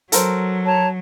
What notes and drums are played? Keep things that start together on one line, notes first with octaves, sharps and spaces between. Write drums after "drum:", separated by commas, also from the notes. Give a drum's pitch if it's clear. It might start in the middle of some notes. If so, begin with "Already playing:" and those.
F#3 A4 A#4 C5, drum: hi-hat
C#5 A5 A#5